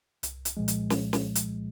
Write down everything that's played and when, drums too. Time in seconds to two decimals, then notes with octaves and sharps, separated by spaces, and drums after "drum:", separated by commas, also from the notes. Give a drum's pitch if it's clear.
0.23 C2, drum: hi-hat
0.45 drum: hi-hat
0.57 A#2 F3 G#3
0.68 drum: hi-hat
0.90 drum: snare
1.13 drum: snare
1.35 drum: hi-hat